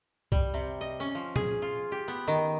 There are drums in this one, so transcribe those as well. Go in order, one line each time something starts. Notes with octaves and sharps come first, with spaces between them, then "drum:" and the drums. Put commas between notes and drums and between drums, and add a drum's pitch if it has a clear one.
G3, drum: kick B1
C3
D#5
C#4
F3
G#4, drum: tom
F4
G4
B3
D#3